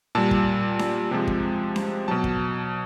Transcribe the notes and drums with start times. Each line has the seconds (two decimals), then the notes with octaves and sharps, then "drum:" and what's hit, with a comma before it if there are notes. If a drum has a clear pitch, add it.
0.15 A#2 G3 A5
0.31 drum: kick
0.79 drum: snare C#4
1.11 C3 F3 G#3
1.27 drum: kick
1.76 drum: snare C#4
2.08 B2 F#3 A5
2.24 drum: kick